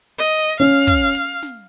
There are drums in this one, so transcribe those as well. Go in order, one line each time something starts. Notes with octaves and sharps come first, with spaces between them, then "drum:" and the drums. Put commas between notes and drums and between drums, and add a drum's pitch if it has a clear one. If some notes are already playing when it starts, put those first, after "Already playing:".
D#5
C#4 F5, drum: hi-hat
drum: kick, hi-hat
drum: hi-hat
drum: snare